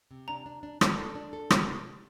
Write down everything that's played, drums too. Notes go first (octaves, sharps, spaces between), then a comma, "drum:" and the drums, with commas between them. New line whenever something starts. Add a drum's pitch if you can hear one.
C3
D4 A#5
D4
D4
D4, drum: rim click
A4
D4
A4
C3, drum: rim click